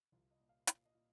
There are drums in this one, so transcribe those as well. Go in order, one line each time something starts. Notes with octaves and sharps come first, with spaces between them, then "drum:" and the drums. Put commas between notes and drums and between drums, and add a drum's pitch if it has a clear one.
C2 F4
D#5
A#2
F5
A#2 F5, drum: hi-hat
D#5
A#2